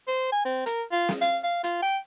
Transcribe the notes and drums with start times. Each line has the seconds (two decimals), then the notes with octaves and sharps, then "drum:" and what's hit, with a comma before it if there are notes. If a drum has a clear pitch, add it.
0.07 C5
0.32 G#5
0.45 C4
0.66 A#4, drum: hi-hat
0.92 F4
1.09 drum: snare
1.21 F5, drum: hi-hat
1.44 F5
1.64 F4, drum: hi-hat
1.82 G5